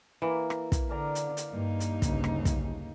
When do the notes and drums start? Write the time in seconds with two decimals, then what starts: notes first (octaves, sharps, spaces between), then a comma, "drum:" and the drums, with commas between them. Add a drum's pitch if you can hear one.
0.22 E3 A#3
0.50 drum: rim click
0.72 drum: kick, hi-hat
0.89 D3 A#4 D5 A#5
1.15 drum: hi-hat
1.37 drum: hi-hat
1.51 G2 A#3 D#4
1.80 drum: hi-hat
2.02 D2 G2 C#3, drum: kick, hi-hat
2.24 drum: rim click
2.45 drum: kick, hi-hat